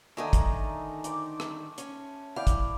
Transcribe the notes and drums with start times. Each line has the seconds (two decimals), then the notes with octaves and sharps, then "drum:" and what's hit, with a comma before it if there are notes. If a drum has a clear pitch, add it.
0.17 D3 D#3 A3 D#4 G#5 D#6
0.33 drum: kick, hi-hat
1.04 C5 G5 D6, drum: hi-hat
1.40 drum: rim click
1.78 C#4, drum: hi-hat
2.36 E4 D5 F5 G5
2.47 drum: kick, hi-hat